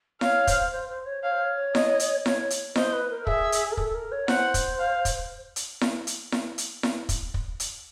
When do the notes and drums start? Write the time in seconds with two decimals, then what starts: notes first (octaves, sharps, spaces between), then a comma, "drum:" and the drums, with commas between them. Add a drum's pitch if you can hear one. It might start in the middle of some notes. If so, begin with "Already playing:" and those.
0.21 C#5 F5, drum: snare E4
0.47 C5, drum: kick, hi-hat
0.72 C5
0.89 C5
1.06 C#5
1.23 C#5 F5
1.32 C5
1.41 C#5
1.75 D#5, drum: snare E4
2.00 drum: hi-hat
2.26 C#5, drum: snare E4
2.50 drum: hi-hat
2.76 C5 D#5, drum: snare E4
2.93 B4
3.10 A#4
3.27 G#4 E5, drum: kick
3.52 drum: hi-hat
3.73 A#4
3.77 A4, drum: kick
3.95 A#4
4.12 C#5
4.28 C5 F#5, drum: snare E4
4.54 drum: kick, hi-hat
4.79 F5
5.05 drum: kick, hi-hat
5.56 drum: hi-hat
5.81 drum: snare E4
6.07 drum: hi-hat
6.32 drum: snare E4
6.58 drum: hi-hat
6.83 drum: snare E4
7.09 drum: kick, hi-hat
7.34 drum: kick
7.60 drum: hi-hat